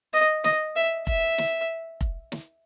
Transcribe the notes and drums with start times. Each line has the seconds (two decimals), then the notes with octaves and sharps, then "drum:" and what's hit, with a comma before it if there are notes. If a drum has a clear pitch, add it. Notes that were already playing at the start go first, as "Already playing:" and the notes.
0.13 D#5
0.44 D#5, drum: snare
0.75 E5
1.07 E5, drum: kick F1
1.38 drum: snare
2.01 drum: kick F1
2.32 drum: snare